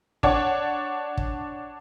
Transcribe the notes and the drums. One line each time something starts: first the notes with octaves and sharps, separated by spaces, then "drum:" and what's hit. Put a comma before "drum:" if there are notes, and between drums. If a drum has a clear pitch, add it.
D4 C#5 D5 F#5, drum: kick
drum: kick